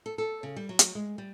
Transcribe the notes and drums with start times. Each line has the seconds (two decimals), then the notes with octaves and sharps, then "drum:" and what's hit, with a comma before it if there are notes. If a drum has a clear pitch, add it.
0.06 A4
0.18 A4
0.43 C#3
0.56 G3
0.69 F#3
0.79 drum: hi-hat
0.95 G#3
1.18 G3